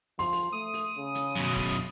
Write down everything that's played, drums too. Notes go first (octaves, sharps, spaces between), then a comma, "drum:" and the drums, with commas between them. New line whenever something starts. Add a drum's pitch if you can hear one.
F3 C6, drum: open hi-hat
drum: open hi-hat
A3 D#6
drum: open hi-hat
C#3
drum: hi-hat
F#2 B2
drum: kick, hi-hat
drum: hi-hat